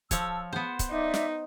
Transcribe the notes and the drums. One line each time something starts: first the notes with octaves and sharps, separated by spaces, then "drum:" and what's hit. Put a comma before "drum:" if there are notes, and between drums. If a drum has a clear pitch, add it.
F3 C#5 A5 E6, drum: kick, hi-hat
B3 C5 F#5
drum: kick, hi-hat
D#4 D5 E5 D6
drum: snare